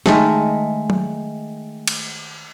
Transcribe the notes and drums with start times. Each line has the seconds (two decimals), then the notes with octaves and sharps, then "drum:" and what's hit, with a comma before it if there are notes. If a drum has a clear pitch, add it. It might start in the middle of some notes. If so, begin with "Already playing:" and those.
0.06 D#3 G#3 A3, drum: snare
0.90 drum: tom F#3
1.88 drum: cymbal